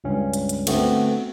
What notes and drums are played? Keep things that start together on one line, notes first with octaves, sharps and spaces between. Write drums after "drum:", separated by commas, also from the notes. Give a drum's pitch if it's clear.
C#2 G2 C#4
drum: hi-hat
drum: hi-hat
D3 A3 B3 C4 F#4, drum: cymbal